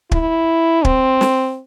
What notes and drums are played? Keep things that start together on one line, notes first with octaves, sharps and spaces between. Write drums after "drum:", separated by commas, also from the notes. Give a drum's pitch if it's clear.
E4, drum: kick
C4, drum: kick
drum: snare